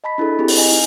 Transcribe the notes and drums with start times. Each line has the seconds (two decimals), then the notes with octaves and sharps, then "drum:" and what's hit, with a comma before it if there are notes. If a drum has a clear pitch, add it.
0.04 D#5 A5 B5 B6
0.18 D4 E4 G#4 A4
0.39 C4 E4 G4 G#4
0.48 drum: open hi-hat
0.57 D#5 G#5
0.72 D#4